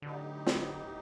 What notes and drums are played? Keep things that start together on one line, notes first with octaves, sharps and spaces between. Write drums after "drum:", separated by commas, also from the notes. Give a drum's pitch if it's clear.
A2 D3 F#3 B3 D#4 G4
drum: snare